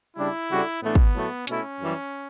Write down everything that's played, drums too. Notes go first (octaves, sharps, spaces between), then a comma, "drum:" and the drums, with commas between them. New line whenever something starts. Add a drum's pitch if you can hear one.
C#3 G3 D4 E4
C#3 G3 D4 F#4 A4
A2 E3 A3 B3 D4
drum: kick
A2 F#3 A3
B2 A3 C#4 E4, drum: hi-hat
F#2 E3 G3